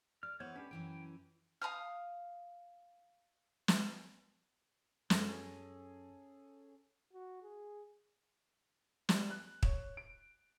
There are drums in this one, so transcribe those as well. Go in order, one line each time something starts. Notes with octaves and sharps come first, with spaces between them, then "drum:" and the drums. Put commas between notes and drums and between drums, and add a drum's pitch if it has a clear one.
D5 F6
E3 B3 C5 C#5
C#4 D4 G4 B4
F#2 E3 C#4 G5
F5 A#5 D#6 F6
drum: snare
F#2 C#4 G#4 A4 A#6, drum: snare
F#4
G#4
G3, drum: snare
F#6
C#5, drum: kick
D7